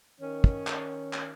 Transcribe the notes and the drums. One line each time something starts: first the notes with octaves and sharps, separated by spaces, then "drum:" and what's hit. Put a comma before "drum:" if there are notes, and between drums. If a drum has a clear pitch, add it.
D#3 C#4
drum: kick
drum: clap
drum: clap